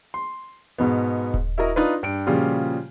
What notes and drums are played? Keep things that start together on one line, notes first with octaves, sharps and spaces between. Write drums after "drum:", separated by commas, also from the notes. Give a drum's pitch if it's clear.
C6
G#2 B2 B3
drum: kick D#1
E4 F#4 A#4 D#5 A#5
D4 D#4 F4 B4
G2 D7
A#2 C#3 F3 G3 F4 F#4